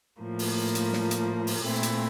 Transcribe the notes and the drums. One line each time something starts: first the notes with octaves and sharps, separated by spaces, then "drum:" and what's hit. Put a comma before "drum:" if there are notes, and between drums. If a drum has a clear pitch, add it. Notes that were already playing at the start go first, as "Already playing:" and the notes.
A2 F3 A#3
drum: open hi-hat
drum: hi-hat
drum: snare
drum: hi-hat
drum: open hi-hat
A#2 A3 C4 E4
drum: hi-hat